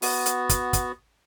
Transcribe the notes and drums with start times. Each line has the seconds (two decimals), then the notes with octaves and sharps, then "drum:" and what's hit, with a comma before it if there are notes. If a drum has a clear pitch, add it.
0.02 B3 F#4, drum: open hi-hat
0.26 drum: hi-hat
0.49 drum: kick, hi-hat
0.73 drum: kick, hi-hat